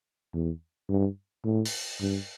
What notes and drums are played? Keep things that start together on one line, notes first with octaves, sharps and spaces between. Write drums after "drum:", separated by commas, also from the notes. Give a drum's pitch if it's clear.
E2
G2
A2
drum: open hi-hat
G2